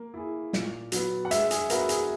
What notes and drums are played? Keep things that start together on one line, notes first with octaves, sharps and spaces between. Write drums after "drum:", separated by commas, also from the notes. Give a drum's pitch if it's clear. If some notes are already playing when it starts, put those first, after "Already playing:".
Already playing: A#3
E4 G#4
A#2, drum: snare
F#3 B3, drum: hi-hat
F#5
G#3 E5, drum: hi-hat
G#4, drum: hi-hat
B3 F#4 A#4 B4 E5, drum: hi-hat
G#4, drum: hi-hat